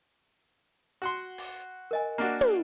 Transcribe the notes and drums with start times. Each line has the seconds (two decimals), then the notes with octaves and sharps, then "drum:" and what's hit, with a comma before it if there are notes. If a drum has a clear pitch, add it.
1.02 F#4 F#5 C6
1.38 drum: open hi-hat
1.91 A#4 D#5 G#5
2.18 A#3 D4 F#4
2.41 drum: tom